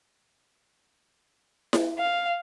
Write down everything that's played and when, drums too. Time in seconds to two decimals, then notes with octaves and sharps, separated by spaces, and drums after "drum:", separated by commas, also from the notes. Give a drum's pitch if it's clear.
1.73 drum: snare E4
1.98 F5